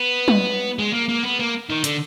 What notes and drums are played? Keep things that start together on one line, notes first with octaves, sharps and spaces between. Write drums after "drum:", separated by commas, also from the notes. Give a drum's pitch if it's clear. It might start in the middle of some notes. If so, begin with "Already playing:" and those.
Already playing: B3
drum: tom
G#3
A#3
A#3
B3
A#3
D#3
D3, drum: hi-hat